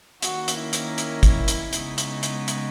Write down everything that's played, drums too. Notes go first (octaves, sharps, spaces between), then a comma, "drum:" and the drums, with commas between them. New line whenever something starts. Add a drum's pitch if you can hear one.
D#3 A#3 C#4 F#4, drum: hi-hat
drum: hi-hat
E4
drum: hi-hat
drum: hi-hat
drum: kick, hi-hat
drum: hi-hat
C#3 G#3 B3 D#4, drum: hi-hat
drum: hi-hat
drum: hi-hat
drum: hi-hat